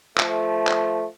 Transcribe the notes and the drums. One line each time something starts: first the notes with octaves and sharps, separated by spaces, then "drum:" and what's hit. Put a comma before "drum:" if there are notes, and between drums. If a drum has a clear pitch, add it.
F3 A3, drum: clap
drum: clap